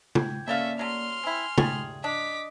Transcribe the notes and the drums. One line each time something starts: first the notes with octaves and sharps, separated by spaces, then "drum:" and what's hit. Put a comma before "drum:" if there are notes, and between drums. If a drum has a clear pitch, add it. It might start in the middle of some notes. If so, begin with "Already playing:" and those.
G5 G6 G#6, drum: tom C#3
A3 A#3 C#4 A4 D5 E5 F5
F#3 A3 C6 F6
C4 E4 G#5
G3 A3 G#4, drum: tom C#3
D4 D#5 D6 D#6 B6